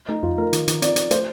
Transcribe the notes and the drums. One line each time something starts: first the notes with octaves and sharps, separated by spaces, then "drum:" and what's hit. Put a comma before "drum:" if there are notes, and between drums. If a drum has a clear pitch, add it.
A3 D#4
F2 F4
A3 A#4
D#3, drum: hi-hat
D#3, drum: hi-hat
C4 D5, drum: hi-hat
C4, drum: hi-hat
A3 C5, drum: hi-hat